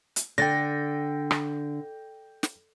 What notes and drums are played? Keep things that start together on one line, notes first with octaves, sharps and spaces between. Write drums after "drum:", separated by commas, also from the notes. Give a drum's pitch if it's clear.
drum: hi-hat
D3 G5 A6 A#6
drum: rim click
drum: snare